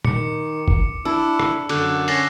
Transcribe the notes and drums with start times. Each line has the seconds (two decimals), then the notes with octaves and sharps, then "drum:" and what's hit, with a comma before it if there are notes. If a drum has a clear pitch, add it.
0.05 D#3 D6 C#7, drum: tom
0.68 drum: kick
1.05 D4 E4 E6
1.39 drum: rim click
1.69 F#2 D3 D6 F#6, drum: cymbal
2.08 C#4 A6 A#6 C7, drum: open hi-hat